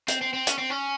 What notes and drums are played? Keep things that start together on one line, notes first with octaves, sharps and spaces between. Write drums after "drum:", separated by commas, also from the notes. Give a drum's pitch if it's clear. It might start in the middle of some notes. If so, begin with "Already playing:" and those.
C4, drum: hi-hat
C4
C4
C#4, drum: hi-hat
C4
C#4